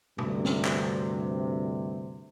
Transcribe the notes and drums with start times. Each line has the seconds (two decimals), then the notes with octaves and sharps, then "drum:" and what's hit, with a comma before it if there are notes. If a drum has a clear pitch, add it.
0.18 D2 G2 C3, drum: tom
0.45 drum: snare
0.65 drum: clap